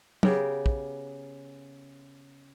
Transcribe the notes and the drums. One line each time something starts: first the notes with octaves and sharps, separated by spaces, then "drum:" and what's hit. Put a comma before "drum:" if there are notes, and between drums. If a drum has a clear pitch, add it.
C#3 B3 G4 A#4, drum: tom
drum: kick